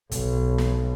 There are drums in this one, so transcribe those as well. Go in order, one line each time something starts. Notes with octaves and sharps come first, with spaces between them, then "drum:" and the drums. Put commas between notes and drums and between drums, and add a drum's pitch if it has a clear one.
B1, drum: kick, hi-hat
drum: snare